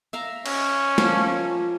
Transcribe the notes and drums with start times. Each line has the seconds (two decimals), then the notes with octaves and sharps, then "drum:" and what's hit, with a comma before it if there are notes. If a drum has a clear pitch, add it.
0.13 E5 F5 A#5
0.46 C#4, drum: cymbal
0.98 F3 A#3 F4, drum: snare